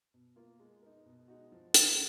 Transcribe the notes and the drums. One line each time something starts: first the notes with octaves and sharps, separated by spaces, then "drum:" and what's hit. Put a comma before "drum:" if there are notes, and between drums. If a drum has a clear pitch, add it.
B2
A#3 F4
G#3
D#4 A#4
B2
G#3 D#4 F#4
F3
G#3 C#4 F4, drum: hi-hat